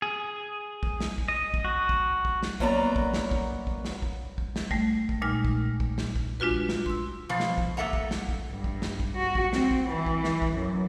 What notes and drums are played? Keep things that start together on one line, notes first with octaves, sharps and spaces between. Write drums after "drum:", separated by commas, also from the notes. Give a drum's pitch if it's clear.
G#4
drum: kick
drum: snare
drum: kick
D#5
drum: kick
F#4
drum: kick
drum: kick
drum: snare
F#2 F#3 A#3 B3 D5 A#5, drum: kick
drum: kick
drum: snare
drum: kick
drum: kick
drum: snare
drum: kick
drum: kick
drum: snare
G3 A3, drum: kick
drum: kick
A#2 G3 G#3 D#4 G#5 F6
drum: kick
drum: kick
drum: snare
drum: kick
G#3 D4 F4 F#4 B4
drum: kick
drum: snare
C6 E6, drum: kick
B2 F3 F5
drum: snare
drum: kick
A#3 A4 E5 F#5 A#5
drum: kick
drum: snare
drum: kick
G2
drum: kick
drum: snare
drum: kick
F#4
drum: kick
C4, drum: snare
drum: kick
E3
drum: kick
drum: snare
drum: kick
F#2